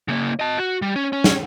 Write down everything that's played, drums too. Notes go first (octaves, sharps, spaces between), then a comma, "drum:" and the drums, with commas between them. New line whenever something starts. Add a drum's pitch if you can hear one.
C#3 A#3
D#5 A5
F#4
G3
C#4
C#4
drum: snare